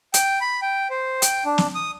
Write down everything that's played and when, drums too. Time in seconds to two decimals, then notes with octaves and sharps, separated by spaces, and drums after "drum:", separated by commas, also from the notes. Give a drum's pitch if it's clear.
0.14 G5, drum: hi-hat
0.41 B5
0.62 G5
0.90 C5
1.22 G5, drum: hi-hat
1.45 D4
1.58 drum: snare
1.75 D#6